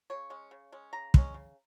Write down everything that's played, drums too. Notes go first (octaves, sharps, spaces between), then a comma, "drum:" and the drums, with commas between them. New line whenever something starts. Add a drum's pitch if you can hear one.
C#3 C#5
G#3 C#4
C#3
G#3 C#4
C#3 A#5
G#3 C#4, drum: kick
C#3